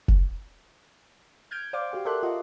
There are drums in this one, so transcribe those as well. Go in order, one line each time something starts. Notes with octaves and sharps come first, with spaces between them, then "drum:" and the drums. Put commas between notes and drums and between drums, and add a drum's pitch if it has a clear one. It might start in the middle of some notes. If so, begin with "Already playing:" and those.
drum: kick F1
F6 G6 G#6 D7
C5 D5 F5 D6
F#4 G4 F5
A4 A#4 D5 E5 C6 F#6
F4 F#4 D5 D#5 F#5